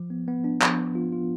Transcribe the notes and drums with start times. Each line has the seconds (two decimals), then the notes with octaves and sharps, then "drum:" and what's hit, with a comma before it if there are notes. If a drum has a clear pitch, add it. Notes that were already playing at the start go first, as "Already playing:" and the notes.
Already playing: F3
0.10 B3
0.28 B3
0.44 D4
0.62 F3, drum: clap
0.78 B3
0.95 F4
1.12 F4